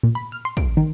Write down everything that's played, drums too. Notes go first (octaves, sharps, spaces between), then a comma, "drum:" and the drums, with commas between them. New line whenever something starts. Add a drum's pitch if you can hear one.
A#2
B5
F6
C6
D7, drum: kick
D#3